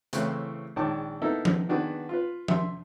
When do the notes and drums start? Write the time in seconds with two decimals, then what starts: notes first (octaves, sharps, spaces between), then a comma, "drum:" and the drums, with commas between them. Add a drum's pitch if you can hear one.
0.13 A2 C#3 E3 C4 E4 F#6, drum: hi-hat
0.76 A#1 D#3 G#3 C#5 A5 D6
1.22 A#3 B3 D#4 E4 A4
1.45 drum: tom F3
1.69 D#3 B3 D4 F#4 G#4 B4
2.09 F4 B4
2.48 E5 C6, drum: tom F3